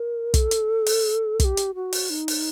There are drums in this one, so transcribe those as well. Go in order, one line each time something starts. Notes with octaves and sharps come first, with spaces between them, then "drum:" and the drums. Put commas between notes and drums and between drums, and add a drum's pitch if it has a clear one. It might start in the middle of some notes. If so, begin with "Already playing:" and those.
Already playing: A#4
A4, drum: kick, hi-hat
drum: hi-hat
drum: open hi-hat
A4, drum: kick, hi-hat
G4
drum: hi-hat
F#4
drum: open hi-hat
D#4
drum: open hi-hat